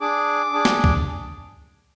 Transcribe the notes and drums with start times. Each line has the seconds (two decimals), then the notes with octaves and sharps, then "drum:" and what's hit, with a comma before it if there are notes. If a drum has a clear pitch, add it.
0.01 D4 G#4 D6
0.53 D4 G#4
0.65 drum: snare
0.84 drum: kick C2